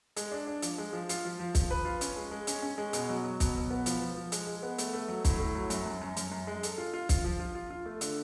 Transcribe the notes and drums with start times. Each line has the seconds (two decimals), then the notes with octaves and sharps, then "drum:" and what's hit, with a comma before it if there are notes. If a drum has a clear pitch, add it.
0.16 G#3, drum: hi-hat
0.32 D4
0.47 D4
0.62 F3, drum: hi-hat
0.78 G#3
0.93 F3
1.09 F4, drum: hi-hat
1.25 F3
1.39 F3
1.55 F3, drum: kick, hi-hat
1.71 B4
1.85 F4
2.01 C#4, drum: hi-hat
2.16 G#3
2.31 G#3
2.47 C#4, drum: hi-hat
2.62 C#4
2.78 G#3
2.93 B2, drum: hi-hat
3.09 F#3
3.24 F#3
3.40 B2, drum: kick, hi-hat
3.56 B2
3.70 B3
3.86 F3, drum: hi-hat
4.01 F3
4.17 F3
4.32 G#3, drum: hi-hat
4.47 G#3
4.63 B3
4.78 A3, drum: hi-hat
4.93 A3
5.08 F#3
5.25 A2, drum: kick, hi-hat
5.40 A2
5.55 F#3
5.70 F#2, drum: hi-hat
5.86 F#2
6.02 F#2
6.16 F#2, drum: hi-hat
6.32 F#2
6.47 G#3
6.63 A4, drum: hi-hat
6.78 F4
6.93 F4
7.09 F4, drum: kick, hi-hat
7.24 F3
7.40 F4
7.55 F4
7.70 F4
7.86 A3
8.01 D3, drum: hi-hat